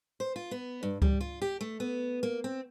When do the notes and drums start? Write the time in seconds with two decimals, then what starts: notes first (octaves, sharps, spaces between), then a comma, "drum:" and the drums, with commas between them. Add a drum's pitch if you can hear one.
0.20 C5
0.36 F4
0.51 B3
0.83 G2
1.02 G3, drum: kick C#2
1.21 F4
1.42 G4
1.61 A3
1.80 B3
2.23 A#3
2.44 C4